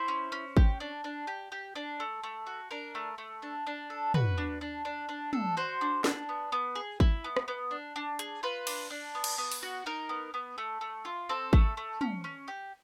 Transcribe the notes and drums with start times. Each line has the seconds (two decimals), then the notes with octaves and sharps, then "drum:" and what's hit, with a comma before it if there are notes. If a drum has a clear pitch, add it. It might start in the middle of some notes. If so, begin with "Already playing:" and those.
Already playing: E4 C5
0.08 C#4
0.32 C#4
0.57 G4, drum: kick G#1
0.80 D4
1.04 D4
1.27 G4
1.52 G4
1.75 D4
2.00 A3
2.23 A3
2.47 F#4
2.71 D4 A#4
2.95 A3
3.18 A3
3.42 D4
3.67 D4
3.90 A4
4.14 F#4 B4, drum: tom
4.38 D4
4.61 D4
4.85 D4
5.09 D4
5.33 A4, drum: tom
5.57 F#4 C5
5.81 D4
6.04 D4, drum: snare
6.29 B3
6.52 B3
6.76 G#4
7.00 E4, drum: kick G#1
7.24 B3
7.37 drum: rim click
7.48 B3
7.71 D4
7.96 D4
8.19 G#4, drum: hi-hat
8.43 F4 B4
8.67 D4, drum: cymbal
8.91 D4
9.15 B3
9.24 drum: cymbal
9.38 B3
9.52 drum: open hi-hat
9.63 F#4
9.86 D#4 A#4
10.09 B3
10.34 B3
10.58 A3
10.81 A3
11.05 F4
11.29 C4 A4
11.53 A3, drum: kick G#1
11.77 A3
12.01 C#4, drum: tom
12.24 C#4
12.48 G4